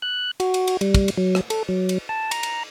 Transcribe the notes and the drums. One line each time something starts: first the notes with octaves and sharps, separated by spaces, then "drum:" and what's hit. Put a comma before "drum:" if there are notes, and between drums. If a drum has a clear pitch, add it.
F#6
F#4, drum: cymbal
drum: cymbal
drum: cymbal
G3, drum: cymbal
drum: kick, cymbal
drum: cymbal
F#3
drum: rim click
A4, drum: cymbal
F#3
drum: cymbal
A5
A#5, drum: cymbal
drum: cymbal